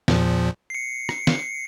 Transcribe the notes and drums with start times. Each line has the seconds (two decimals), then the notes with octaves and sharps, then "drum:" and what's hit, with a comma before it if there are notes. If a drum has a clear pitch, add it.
0.08 E2 A#2 F3, drum: snare
0.70 C7 C#7
1.09 drum: rim click
1.27 drum: snare